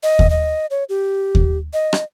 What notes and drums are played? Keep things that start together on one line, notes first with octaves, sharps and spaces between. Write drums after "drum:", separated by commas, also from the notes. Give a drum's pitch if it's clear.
D#5
drum: kick D#2
D#5
C#5
G4
drum: kick D#2
D#5
drum: rim click